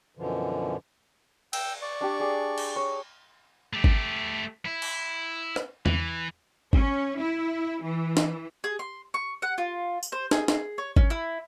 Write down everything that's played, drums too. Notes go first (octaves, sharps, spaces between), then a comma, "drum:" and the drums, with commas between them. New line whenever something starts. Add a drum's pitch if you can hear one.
F#2 B2 D3 E3 F3
G5 E6 G6, drum: cymbal
D5 C#6
D4 G4
G#4
drum: cymbal
C#5
A3 G4
drum: kick G#1
E4
drum: cymbal
drum: rim click
E3, drum: tom E2
C#4, drum: kick G#1
E4
E3
drum: snare
G#4
C6
C#6
F#5
F4
drum: tambourine
C5
G#4, drum: snare
drum: snare
C#5
C#4, drum: kick G#1
E4